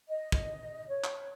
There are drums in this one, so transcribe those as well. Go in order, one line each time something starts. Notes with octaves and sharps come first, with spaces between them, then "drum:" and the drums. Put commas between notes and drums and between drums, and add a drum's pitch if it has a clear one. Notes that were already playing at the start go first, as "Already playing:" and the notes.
D#5
drum: kick
C#5
drum: clap